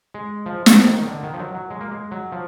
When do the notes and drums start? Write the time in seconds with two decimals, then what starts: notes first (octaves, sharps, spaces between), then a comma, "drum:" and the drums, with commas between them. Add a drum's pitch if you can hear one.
0.14 G#3
0.46 F3
0.66 F3, drum: snare
0.87 D#3
1.02 D#3
1.07 D3
1.23 D#3
1.34 F3
1.39 F#3
1.55 F#3
1.70 G#3
1.81 A#3
1.91 G#3
2.11 F#3
2.32 F3